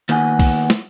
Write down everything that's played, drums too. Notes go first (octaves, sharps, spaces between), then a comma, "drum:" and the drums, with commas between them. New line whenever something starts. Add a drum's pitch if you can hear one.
D#3 A#3 B3 D#4 F#5 G#5, drum: hi-hat
drum: kick B1, open hi-hat
drum: snare